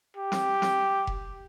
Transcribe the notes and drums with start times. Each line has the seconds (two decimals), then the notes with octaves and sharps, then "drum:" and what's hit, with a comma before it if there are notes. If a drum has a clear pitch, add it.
0.17 G4
0.32 drum: snare
0.62 drum: snare
1.07 drum: kick F1